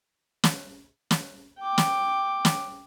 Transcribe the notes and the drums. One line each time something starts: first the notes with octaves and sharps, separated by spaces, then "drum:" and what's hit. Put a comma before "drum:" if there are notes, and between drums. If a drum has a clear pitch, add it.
drum: snare
drum: snare
G5 D6
drum: snare
drum: snare